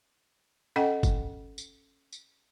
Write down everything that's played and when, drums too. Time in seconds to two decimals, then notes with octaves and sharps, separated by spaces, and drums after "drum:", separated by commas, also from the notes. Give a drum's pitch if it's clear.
0.76 C#4 A4 D#5 F#5 G5
1.03 drum: kick, tambourine
1.58 drum: tambourine
2.13 drum: tambourine